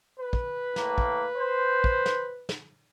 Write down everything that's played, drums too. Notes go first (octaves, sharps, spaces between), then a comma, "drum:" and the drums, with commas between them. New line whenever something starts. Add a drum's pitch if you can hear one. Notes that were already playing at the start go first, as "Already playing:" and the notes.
B4
drum: kick
A2 A#3, drum: snare
drum: kick
C5
drum: kick
drum: snare
drum: snare